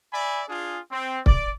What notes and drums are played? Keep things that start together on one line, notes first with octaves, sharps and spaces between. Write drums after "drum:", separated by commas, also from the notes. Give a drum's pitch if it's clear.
D5 E5 G#5 B5
D4 F4 G#4
C4
D5, drum: kick C#1